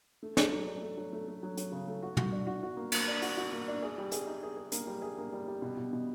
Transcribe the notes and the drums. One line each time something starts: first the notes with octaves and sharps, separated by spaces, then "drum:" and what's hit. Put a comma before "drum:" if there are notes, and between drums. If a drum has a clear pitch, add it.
A3
A3, drum: snare
F#3
D4
A3
F#3
A3
A3
F#3
F#3, drum: hi-hat
C#3
A3
F#4
F#4, drum: tom
D4
F#4
F#4
A#3
A#3, drum: cymbal
D4
F#4, drum: open hi-hat
F#4
A#3
D4
G#4
G3
G#4, drum: hi-hat
D#4
G#4
G#4
A#3, drum: hi-hat
G3
G#4
A#3
G3
G3
B2
B2
B2